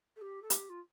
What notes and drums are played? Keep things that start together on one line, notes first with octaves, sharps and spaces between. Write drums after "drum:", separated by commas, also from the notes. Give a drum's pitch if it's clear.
A4
G4
A4
G4, drum: hi-hat
F4